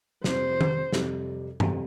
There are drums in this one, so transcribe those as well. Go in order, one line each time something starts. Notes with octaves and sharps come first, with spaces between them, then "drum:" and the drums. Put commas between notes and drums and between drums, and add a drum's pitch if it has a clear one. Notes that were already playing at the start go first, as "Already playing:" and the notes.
F2 C3 G3 C5, drum: snare
drum: tom
F2 C3 G3, drum: snare
F2 C3 G3, drum: tom G2